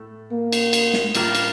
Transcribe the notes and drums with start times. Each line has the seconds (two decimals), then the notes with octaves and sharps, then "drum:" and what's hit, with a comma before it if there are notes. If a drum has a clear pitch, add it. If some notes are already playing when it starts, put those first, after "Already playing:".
Already playing: A2 A3
0.32 A#3
0.53 drum: cymbal
0.73 drum: cymbal
0.94 drum: snare
1.15 A2 G3 A#3 F4 A#4, drum: cymbal
1.35 drum: cymbal